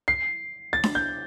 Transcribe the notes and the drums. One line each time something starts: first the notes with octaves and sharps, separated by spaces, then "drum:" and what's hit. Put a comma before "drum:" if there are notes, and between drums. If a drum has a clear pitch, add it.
C7
A6
drum: snare D4
G6